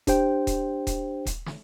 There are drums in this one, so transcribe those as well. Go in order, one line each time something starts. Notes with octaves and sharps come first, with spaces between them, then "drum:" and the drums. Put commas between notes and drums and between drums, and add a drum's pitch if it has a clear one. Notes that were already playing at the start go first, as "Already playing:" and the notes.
D4 G4 C5 G5, drum: kick D#1, hi-hat
drum: kick D#1, hi-hat
drum: kick D#1, hi-hat
drum: kick D#1, hi-hat
drum: snare